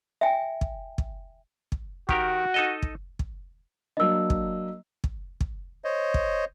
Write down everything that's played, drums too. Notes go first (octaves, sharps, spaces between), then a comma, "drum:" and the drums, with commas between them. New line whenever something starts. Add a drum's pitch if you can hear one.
E5 G5 G#5
drum: kick
drum: kick
drum: kick
D#3 F#4 G4 A#4, drum: kick
D#4 A4 D#5
drum: kick
drum: kick
F#3 A#3 D4 D#5 E6
drum: kick
drum: kick
drum: kick
C5 C#5 D#5
drum: kick